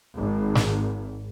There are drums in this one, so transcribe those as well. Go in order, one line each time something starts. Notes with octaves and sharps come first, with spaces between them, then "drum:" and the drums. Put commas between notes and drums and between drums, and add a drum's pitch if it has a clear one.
G#1
drum: snare